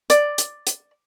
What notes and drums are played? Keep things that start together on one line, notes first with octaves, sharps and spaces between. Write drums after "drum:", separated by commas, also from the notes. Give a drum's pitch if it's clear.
D5, drum: hi-hat
drum: hi-hat
drum: hi-hat